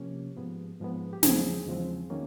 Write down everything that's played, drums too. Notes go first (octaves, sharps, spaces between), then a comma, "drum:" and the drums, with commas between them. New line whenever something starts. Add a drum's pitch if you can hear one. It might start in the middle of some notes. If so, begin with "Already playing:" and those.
Already playing: C3 F3 A#3 C#4 G4
G#2 F3 G#3 B3
G#2 F3 G#3 B3
G4
E2 C#3 F3 G#3 C4 G#4, drum: snare
E2 C#3 F3 G#3 C4
D#3 F#3 A#3 C#4